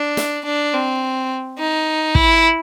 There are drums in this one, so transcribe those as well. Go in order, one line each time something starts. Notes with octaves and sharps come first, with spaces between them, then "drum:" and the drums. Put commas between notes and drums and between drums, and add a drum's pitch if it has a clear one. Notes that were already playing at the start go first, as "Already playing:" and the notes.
Already playing: D4
drum: snare
D4
C4
D#4
E4, drum: kick